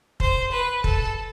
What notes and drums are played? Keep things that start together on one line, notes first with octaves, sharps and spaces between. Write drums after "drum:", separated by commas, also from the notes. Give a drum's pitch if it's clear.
C5, drum: kick
B4
A4, drum: kick